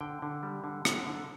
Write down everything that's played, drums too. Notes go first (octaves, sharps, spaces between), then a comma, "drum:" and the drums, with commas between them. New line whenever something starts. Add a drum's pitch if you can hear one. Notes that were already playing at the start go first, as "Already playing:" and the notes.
D3 G5
D3
G3
D3
D3, drum: rim click
D3